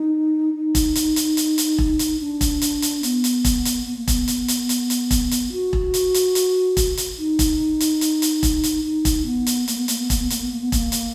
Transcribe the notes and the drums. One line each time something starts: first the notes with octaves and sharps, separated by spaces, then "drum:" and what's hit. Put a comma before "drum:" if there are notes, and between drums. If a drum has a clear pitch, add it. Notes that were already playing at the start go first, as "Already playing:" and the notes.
Already playing: D#4
D#4
drum: kick E1, hi-hat
drum: hi-hat
drum: hi-hat
drum: hi-hat
drum: hi-hat
drum: kick E1
drum: hi-hat
D4
drum: kick E1, hi-hat
drum: hi-hat
drum: hi-hat
B3, drum: hi-hat
drum: hi-hat
drum: kick E1, hi-hat
drum: hi-hat
B3
A#3
B3, drum: kick E1, hi-hat
drum: hi-hat
drum: hi-hat
drum: hi-hat
drum: hi-hat
drum: kick E1, hi-hat
drum: hi-hat
F#4
drum: kick E1
drum: hi-hat
drum: hi-hat
drum: hi-hat
drum: kick E1, hi-hat
drum: hi-hat
D#4
drum: kick E1, hi-hat
drum: hi-hat
drum: hi-hat
drum: hi-hat
drum: kick E1, hi-hat
drum: hi-hat
D#4
drum: kick E1, hi-hat
B3
drum: hi-hat
A#3, drum: hi-hat
B3
A#3, drum: hi-hat
B3
A#3, drum: kick E1, hi-hat
B3
A#3, drum: hi-hat
B3
A#3
B3
A#3, drum: kick E1, hi-hat
drum: hi-hat